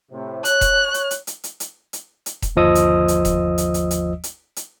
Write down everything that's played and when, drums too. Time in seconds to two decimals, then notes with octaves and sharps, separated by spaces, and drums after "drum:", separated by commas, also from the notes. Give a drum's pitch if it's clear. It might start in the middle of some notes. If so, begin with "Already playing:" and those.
0.12 A2 C3
0.45 C#5 F#6, drum: hi-hat
0.61 drum: kick E1, hi-hat
0.94 drum: hi-hat
1.11 drum: hi-hat
1.27 drum: hi-hat
1.44 drum: hi-hat
1.60 drum: hi-hat
1.93 drum: hi-hat
2.26 drum: hi-hat
2.42 drum: kick E1, hi-hat
2.56 G1 D#2 F3 D#5 D#6 E6
2.75 drum: hi-hat
3.08 drum: hi-hat
3.25 drum: kick E1, hi-hat
3.58 drum: hi-hat
3.74 drum: hi-hat
3.91 drum: hi-hat
4.24 drum: hi-hat
4.56 drum: hi-hat